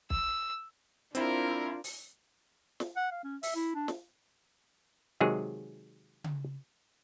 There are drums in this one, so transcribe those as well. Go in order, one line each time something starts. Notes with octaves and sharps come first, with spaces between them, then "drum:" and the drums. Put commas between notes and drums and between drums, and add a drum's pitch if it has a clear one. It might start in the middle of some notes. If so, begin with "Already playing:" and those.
E6, drum: kick B1
C4 D4 E4 F4 A#4, drum: hi-hat
drum: open hi-hat
drum: snare
F#5
F5
C#4
E5, drum: open hi-hat
E4
D4
drum: snare
C3 D#3 F#3 G#3 G#4
drum: tom C#3